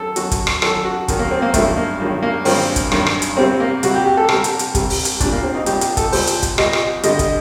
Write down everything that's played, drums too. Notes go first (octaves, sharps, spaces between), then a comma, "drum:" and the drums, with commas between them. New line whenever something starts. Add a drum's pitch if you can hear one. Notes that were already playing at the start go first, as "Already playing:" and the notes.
Already playing: F#2 D#3 F#3 A4
F#2 D#3 F#3 F#4, drum: hi-hat
drum: kick, hi-hat
drum: rim click
F#2 D#3 F#3 A4, drum: rim click
F#4
F#2 D#3 F#3, drum: kick, hi-hat
A#3
C4
A#3
G2 D#3 F#3 A3, drum: kick, hi-hat
A#3
G2 D#3 F#3
A#3
G2 D#3 F#3 C4, drum: open hi-hat
drum: kick, hi-hat
G2 D#3 F#3, drum: rim click
drum: rim click
drum: hi-hat
C2 C3 G3 C4
A#3
C2 C3 G3 F#4, drum: hi-hat
G4
G4
A4
C2 C3 G3 A#4, drum: rim click
drum: hi-hat
drum: hi-hat
C2 C3 G3, drum: kick, hi-hat
drum: open hi-hat
drum: hi-hat
C2 A#2 G3 D4, drum: kick, hi-hat
A#3
C4
D#4
C2 A#2 G3 G4, drum: hi-hat
G4, drum: hi-hat
A4, drum: kick, hi-hat
C2 A#2 G3 C5, drum: open hi-hat
drum: hi-hat
drum: kick, hi-hat
C2 A#2 G3 D#5, drum: rim click
drum: rim click
G2 D3 G3 D#5, drum: hi-hat
drum: kick, hi-hat